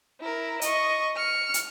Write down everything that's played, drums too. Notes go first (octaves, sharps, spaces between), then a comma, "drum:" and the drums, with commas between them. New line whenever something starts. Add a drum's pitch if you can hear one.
E4 A#4
D#5 C#6, drum: hi-hat
F6 C#7
drum: hi-hat